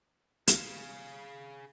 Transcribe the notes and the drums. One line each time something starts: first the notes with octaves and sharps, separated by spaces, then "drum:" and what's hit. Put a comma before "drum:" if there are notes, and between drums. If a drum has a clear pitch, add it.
G#4 F5, drum: hi-hat